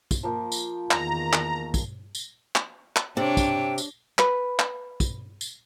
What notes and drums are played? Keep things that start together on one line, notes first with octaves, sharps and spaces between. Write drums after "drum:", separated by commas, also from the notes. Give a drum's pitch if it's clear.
drum: kick, tambourine
F3 A#3 G5
drum: tambourine
E2 D#3 A#5, drum: clap
drum: clap
drum: kick, tambourine
drum: tambourine
drum: clap
drum: clap
C3 D4 C#5 G5
drum: kick, tambourine
drum: tambourine
B4, drum: clap
drum: clap
drum: kick, tambourine
drum: tambourine